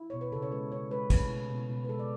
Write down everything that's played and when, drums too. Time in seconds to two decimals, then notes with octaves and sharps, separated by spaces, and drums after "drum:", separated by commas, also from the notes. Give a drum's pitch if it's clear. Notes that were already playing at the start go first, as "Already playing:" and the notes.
Already playing: E4
0.10 B2 C#5
0.21 B4
0.32 C#3 A4
0.42 C#5
0.51 G#3 B4
0.71 C#3 C#5
0.91 G#3 B4
1.10 A3 B4, drum: kick, cymbal
1.30 B2
1.50 B2
1.69 B2
1.84 B4
1.89 G#3 A4
1.99 D5